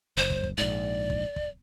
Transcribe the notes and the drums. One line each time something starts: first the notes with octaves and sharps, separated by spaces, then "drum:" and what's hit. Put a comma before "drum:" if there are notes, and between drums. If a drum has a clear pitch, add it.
F#1 C5
drum: kick
drum: kick
A#1 G#2 D5
drum: kick
drum: kick